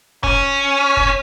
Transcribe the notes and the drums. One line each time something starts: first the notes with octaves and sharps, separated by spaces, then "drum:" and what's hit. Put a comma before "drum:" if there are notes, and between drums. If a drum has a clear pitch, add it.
C#4, drum: kick
drum: kick